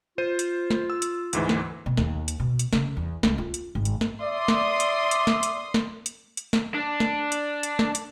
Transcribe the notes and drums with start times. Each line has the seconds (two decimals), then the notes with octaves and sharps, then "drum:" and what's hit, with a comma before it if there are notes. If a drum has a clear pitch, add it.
0.18 F4 C5 D#7
0.39 drum: hi-hat
0.70 drum: snare
0.90 E6
1.02 drum: hi-hat
1.33 D2 G#2 E3, drum: hi-hat
1.49 drum: snare
1.86 B2
1.97 D#2, drum: snare
2.28 drum: hi-hat
2.40 B2
2.59 drum: hi-hat
2.73 C#3, drum: snare
2.97 E2
3.23 C#2, drum: snare
3.38 F4
3.54 drum: hi-hat
3.75 G#1
3.85 drum: hi-hat
4.01 drum: snare
4.21 D5 E5 C6 D#6
4.48 drum: snare
4.80 drum: hi-hat
5.11 drum: hi-hat
5.27 drum: snare
5.43 drum: hi-hat
5.74 drum: snare
6.06 drum: hi-hat
6.37 drum: hi-hat
6.53 drum: snare
6.74 D4
7.00 drum: snare
7.32 drum: hi-hat
7.63 drum: hi-hat
7.79 drum: snare
7.95 drum: hi-hat